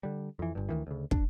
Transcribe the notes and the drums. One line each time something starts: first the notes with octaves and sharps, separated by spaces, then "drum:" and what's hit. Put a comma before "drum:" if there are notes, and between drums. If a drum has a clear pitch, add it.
D3 G3
F2 E3
G1 G2
D2 D#3 E3
D2 C#3
D4, drum: kick